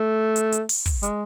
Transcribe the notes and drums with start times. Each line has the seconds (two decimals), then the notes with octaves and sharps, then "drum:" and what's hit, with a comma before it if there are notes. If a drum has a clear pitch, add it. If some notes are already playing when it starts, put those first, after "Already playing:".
Already playing: A3
0.36 drum: hi-hat
0.52 drum: hi-hat
0.69 drum: open hi-hat
0.86 drum: kick, hi-hat
1.03 G#3, drum: hi-hat